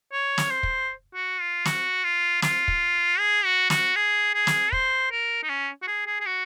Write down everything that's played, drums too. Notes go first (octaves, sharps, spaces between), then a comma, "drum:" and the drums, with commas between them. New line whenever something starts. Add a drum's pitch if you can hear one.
C#5
drum: snare
C5
drum: kick
F#4
F4
F#4, drum: snare
F4
F4, drum: snare
drum: kick
G#4
F#4
F#4, drum: snare
G#4
G#4
drum: snare
C5, drum: kick
A#4
D#4
C#4
F#4
G#4
G#4
G#4
F#4